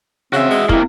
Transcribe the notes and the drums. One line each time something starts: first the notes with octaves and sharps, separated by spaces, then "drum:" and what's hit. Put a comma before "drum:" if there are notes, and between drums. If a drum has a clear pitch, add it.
C#3 C4 F#4 E5
G#3
C3 A#3 E4, drum: kick